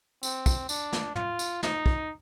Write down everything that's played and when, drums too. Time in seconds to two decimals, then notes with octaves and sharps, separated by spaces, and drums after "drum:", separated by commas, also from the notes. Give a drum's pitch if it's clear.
0.23 C4, drum: tambourine
0.46 drum: kick, tambourine
0.69 D4, drum: tambourine
0.93 drum: snare
1.15 F4, drum: tom
1.39 drum: tambourine
1.63 D#4, drum: snare
1.86 drum: kick